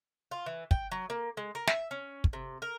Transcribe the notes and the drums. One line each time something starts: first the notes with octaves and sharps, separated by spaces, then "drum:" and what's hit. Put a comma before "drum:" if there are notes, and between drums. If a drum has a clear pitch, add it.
F4
E3
G5, drum: kick
F#3
A#3
G#3
A#4
E5, drum: snare
C#4
drum: kick
C3
A#4